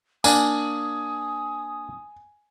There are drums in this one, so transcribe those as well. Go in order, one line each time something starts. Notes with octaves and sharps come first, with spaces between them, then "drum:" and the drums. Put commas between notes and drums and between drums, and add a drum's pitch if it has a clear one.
A#3 D4 G#5 D#6, drum: tambourine